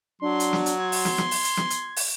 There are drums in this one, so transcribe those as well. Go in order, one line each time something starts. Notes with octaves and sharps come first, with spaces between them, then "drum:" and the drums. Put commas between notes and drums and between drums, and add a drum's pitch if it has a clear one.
F#3 D4 C6
drum: hi-hat
drum: snare
drum: hi-hat
C6 G#6
drum: open hi-hat
drum: snare
drum: snare
drum: open hi-hat
drum: hi-hat
drum: snare
drum: hi-hat
drum: open hi-hat